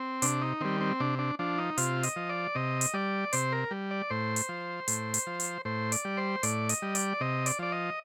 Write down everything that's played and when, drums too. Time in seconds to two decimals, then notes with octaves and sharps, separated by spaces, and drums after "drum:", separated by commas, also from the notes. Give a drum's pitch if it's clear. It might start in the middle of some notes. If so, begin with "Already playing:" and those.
Already playing: C4
0.22 C3 D4, drum: hi-hat
0.41 D#4
0.61 D#3 G3 C4
0.81 C4
1.00 C3 D4
1.19 D4
1.39 F3 D4
1.58 D#4
1.78 C3 F4, drum: hi-hat
2.03 D#5, drum: hi-hat
2.16 F3
2.29 D5
2.55 C3 D#5
2.81 drum: hi-hat
2.94 G3 D5
3.33 C3 C5, drum: hi-hat
3.52 A#4
3.71 G3
3.91 D5
4.10 A2 C5
4.36 drum: hi-hat
4.49 F3
4.88 A2, drum: hi-hat
5.14 drum: hi-hat
5.27 F3
5.40 drum: hi-hat
5.65 A2 C5
5.92 D5, drum: hi-hat
6.05 G3
6.17 C5
6.43 A2 D5, drum: hi-hat
6.69 D#5, drum: hi-hat
6.82 G3
6.95 D5, drum: hi-hat
7.21 C3 D#5
7.46 D5, drum: hi-hat
7.59 F3 D5
7.72 D#5